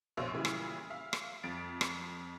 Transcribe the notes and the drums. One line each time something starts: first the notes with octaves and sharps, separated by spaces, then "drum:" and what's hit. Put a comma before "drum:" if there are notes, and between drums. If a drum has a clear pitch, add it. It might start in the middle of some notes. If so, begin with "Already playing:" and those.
A#1 B2 C5 C#5 F5 E6
A#2 C#3 E3 G3 E4
drum: rim click
E5 F5
drum: rim click
F2 A6 D7
drum: rim click